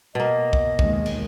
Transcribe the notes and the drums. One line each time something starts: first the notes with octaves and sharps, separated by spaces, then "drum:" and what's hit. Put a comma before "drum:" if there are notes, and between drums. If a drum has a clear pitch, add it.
B2 A#3 D#5
drum: kick
D#2 D#3 G#3, drum: kick
drum: cymbal